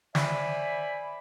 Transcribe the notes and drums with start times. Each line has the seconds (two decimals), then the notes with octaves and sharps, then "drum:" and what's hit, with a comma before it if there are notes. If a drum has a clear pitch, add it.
0.15 C5 D5 E5 G#5 B5, drum: snare